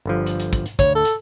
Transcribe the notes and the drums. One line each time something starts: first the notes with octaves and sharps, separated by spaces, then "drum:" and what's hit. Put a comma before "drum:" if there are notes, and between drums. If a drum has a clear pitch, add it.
G1 D3 F3
drum: hi-hat
drum: hi-hat
drum: kick, hi-hat
drum: hi-hat
D2 C#5, drum: kick, hi-hat
A4
drum: hi-hat